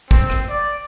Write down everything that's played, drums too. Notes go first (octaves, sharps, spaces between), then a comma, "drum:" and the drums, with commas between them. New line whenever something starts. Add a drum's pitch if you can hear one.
C4, drum: kick
drum: rim click
D5